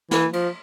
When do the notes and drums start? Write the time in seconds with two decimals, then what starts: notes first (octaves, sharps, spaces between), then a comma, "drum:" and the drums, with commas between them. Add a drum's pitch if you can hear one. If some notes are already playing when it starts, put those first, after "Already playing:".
0.11 E3, drum: snare
0.33 F3, drum: cymbal